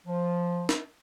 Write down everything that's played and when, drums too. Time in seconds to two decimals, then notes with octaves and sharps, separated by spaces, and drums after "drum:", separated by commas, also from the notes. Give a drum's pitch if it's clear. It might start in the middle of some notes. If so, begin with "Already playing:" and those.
0.06 F3
0.69 drum: snare